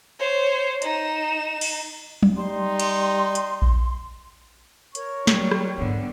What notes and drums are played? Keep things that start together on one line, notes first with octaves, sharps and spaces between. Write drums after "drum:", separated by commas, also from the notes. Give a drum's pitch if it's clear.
C5 C#5
D#4 E7, drum: hi-hat
drum: cymbal
drum: tom F#3
G3 D#4 C6
drum: cymbal
drum: hi-hat
drum: kick A#1
A#4 C#5 C#6, drum: hi-hat
F#3 G3, drum: snare
drum: rim click
G#2 D3 E3 G3 B3